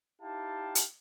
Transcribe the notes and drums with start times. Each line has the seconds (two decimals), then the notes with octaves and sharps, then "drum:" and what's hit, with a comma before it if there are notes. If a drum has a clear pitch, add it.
0.21 D#4 E4 G4 F5 G5 A5
0.75 drum: hi-hat